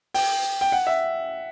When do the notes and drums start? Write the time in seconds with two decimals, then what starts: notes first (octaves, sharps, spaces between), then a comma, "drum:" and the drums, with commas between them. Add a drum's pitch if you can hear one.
0.14 G5, drum: open hi-hat
0.61 G5
0.72 F#5
0.87 E5